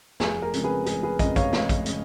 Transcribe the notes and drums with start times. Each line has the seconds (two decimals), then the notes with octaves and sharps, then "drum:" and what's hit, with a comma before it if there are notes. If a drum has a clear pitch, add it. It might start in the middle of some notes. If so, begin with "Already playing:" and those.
0.20 F1 G#4, drum: snare
0.42 A#4
0.53 F2 C#3 G#3, drum: hi-hat
0.64 G#4 B4
0.86 F1 G#4, drum: hi-hat
1.03 G#4 B4
1.19 F2 C#3 G#3 B4 D#5, drum: kick, hi-hat
1.36 C#5 F5, drum: kick, hi-hat
1.53 F1, drum: snare
1.69 drum: kick, hi-hat
1.86 C#3 G#3, drum: hi-hat